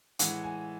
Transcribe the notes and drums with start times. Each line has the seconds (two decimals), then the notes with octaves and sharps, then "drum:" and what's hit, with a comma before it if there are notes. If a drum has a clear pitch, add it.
0.19 A2 E3 G#3 F#5, drum: hi-hat
0.44 G#5